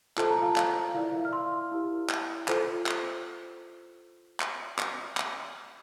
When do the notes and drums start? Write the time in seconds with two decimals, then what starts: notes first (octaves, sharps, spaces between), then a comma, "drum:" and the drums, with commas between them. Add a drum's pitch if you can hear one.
0.17 F4 A4 C5 A5, drum: clap
0.30 A#5
0.42 F5 A5
0.56 F5, drum: clap
0.94 E4 A#4 D5 F5
1.03 E5
1.12 F5
1.25 F6
1.32 C6 E6
1.71 E4 G4 A#4
2.10 drum: clap
2.48 F4 A4 C5, drum: clap
2.86 drum: clap
4.40 drum: clap
4.79 drum: clap
5.17 drum: clap